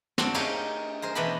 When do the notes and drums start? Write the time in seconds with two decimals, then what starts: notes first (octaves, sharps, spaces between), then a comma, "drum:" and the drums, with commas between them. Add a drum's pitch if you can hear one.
0.18 C4 D4 F#4, drum: snare
0.34 D#4 G4 G#4 A#4 C#5 F5, drum: cymbal
1.02 G#4 A#4 C5
1.15 B2 E3 D4 D#5 G5 B5